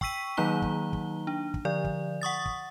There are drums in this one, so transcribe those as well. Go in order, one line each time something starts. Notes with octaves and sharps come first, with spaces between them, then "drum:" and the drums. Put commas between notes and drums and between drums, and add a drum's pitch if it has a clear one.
G5 C#6 E6 B6 D#7, drum: kick
D#3 F#3 A#3 D#4 A#5 G7
drum: kick
drum: kick
D4
drum: kick
D3 F3 D5
drum: kick
F#5 C#6 D#6 A6
drum: kick